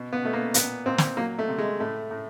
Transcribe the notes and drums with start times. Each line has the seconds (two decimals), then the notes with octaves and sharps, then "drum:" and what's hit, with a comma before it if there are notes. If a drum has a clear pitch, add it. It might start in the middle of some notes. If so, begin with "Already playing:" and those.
Already playing: B2
0.13 B3
0.23 B2 A3
0.33 A#3
0.54 A#2 B3, drum: hi-hat
0.86 A#2 C4
0.98 drum: snare
1.17 F#3 A#3
1.39 A3
1.48 C3
1.58 G#3
1.80 A2 A3
2.11 A2